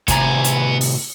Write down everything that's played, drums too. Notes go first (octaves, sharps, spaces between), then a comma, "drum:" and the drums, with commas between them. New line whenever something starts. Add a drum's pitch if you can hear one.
A2 C3 B3 G#5 A#5, drum: kick, hi-hat
drum: hi-hat
drum: open hi-hat